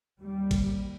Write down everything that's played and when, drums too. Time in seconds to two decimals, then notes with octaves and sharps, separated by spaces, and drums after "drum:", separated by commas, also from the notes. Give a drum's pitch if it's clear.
0.21 D#2 G3
0.51 drum: kick G#1, cymbal